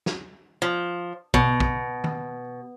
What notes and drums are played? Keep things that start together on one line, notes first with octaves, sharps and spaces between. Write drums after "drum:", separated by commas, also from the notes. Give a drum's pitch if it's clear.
drum: snare
F3
B2, drum: kick
drum: kick
drum: tom D#3